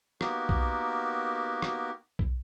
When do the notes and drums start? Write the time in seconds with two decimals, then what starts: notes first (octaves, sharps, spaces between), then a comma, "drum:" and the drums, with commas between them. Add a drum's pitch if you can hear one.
0.21 A#3 B3 D#4 F#4 G4 A#4, drum: rim click
0.49 drum: kick B1
1.62 drum: rim click
2.19 drum: kick B1